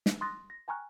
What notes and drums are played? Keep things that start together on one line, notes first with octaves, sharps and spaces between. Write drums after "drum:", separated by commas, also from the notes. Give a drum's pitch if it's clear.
drum: snare
C6 D#6 F#6 A6 A#6
A#6
G5 G#5 A#5 C#6 F6 F#6